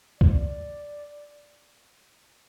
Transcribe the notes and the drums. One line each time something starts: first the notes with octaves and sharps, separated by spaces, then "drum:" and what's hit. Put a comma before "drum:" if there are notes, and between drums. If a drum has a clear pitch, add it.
D5, drum: kick C2